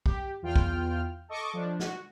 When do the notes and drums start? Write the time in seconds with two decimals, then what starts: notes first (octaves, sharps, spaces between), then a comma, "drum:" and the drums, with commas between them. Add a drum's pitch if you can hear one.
0.06 G4, drum: kick B1
0.42 E2 F4 G5 F6
0.56 drum: kick B1
1.28 A4 D#5 C#6 D6
1.53 F3 D4
1.80 F#4, drum: snare